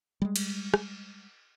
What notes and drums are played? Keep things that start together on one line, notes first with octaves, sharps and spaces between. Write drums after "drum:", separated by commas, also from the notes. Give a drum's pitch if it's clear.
G3 G#3
drum: cymbal
drum: rim click